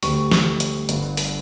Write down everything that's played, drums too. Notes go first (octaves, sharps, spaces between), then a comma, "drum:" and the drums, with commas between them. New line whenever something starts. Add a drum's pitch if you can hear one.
D2 D3 G3 C#6, drum: open hi-hat
drum: snare
drum: hi-hat
G1 G2 D3, drum: hi-hat
drum: open hi-hat